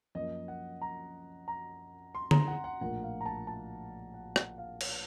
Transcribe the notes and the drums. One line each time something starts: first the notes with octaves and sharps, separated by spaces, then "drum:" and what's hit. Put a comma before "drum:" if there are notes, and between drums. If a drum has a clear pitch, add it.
F#2 F3 A#3 C#4 D#5
F#5
A#5
A#5
C6
A#5, drum: tom D3
F#5
F#5
A#1 A2 F3 A#3 F#5
F5
A#5
A5
A5
F#5
F#5, drum: rim click
F5
C#5, drum: cymbal